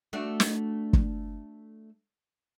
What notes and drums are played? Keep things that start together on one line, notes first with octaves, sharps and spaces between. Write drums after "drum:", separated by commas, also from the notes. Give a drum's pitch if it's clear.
A3 D4 F#4
drum: snare
drum: kick